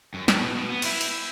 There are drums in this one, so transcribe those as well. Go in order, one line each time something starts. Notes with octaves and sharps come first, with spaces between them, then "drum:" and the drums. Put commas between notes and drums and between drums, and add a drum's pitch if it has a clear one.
F#2
A2, drum: snare
B2
B2
B3
E4, drum: cymbal
drum: cymbal